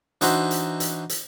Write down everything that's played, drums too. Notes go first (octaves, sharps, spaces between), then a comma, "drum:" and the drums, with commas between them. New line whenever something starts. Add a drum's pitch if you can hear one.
E3 D4 D#4 F#4 C5 E5, drum: hi-hat
drum: hi-hat
drum: hi-hat
drum: hi-hat